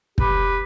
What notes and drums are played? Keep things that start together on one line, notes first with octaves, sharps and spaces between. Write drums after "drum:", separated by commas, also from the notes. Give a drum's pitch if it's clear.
G4 B4, drum: kick